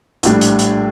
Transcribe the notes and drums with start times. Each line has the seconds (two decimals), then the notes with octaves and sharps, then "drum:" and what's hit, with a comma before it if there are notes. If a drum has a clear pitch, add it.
0.23 A#1 A2 G3 D4, drum: hi-hat
0.41 drum: hi-hat
0.59 drum: hi-hat